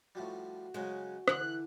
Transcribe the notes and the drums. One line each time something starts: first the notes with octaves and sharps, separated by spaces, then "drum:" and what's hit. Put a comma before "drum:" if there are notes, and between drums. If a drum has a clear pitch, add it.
A2 F3 G3 F#4
C#3 F#3 G#3 C#4 C5
D3 E3 F#6, drum: rim click